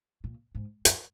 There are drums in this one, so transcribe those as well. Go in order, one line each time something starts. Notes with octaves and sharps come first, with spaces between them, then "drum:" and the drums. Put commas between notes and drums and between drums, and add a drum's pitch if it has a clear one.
A#2
G#2
F#2, drum: hi-hat